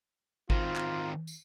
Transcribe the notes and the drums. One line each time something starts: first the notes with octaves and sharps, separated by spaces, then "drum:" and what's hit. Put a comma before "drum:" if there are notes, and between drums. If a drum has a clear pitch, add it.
D#3 C4 F4, drum: kick G#1
drum: clap
drum: tambourine